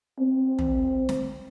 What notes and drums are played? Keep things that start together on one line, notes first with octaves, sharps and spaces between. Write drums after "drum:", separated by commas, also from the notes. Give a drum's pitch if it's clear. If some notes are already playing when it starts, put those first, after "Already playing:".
C4
drum: tom
drum: snare